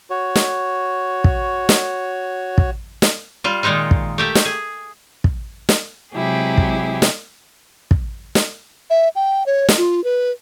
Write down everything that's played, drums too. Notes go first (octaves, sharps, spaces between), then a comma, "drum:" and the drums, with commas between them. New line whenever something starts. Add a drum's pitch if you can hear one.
F#4 C#5
drum: snare
drum: kick
drum: snare
drum: kick
drum: snare
G3 F4
A#2 D#3 G#3 D#4 F4
drum: kick
A3 G4 E5
drum: snare
G#4
drum: kick
drum: snare
C3 F#3 G#3 E4 G4 G#4
drum: kick
drum: snare
drum: kick
drum: snare
E5
G5
C#5
drum: snare
F4
B4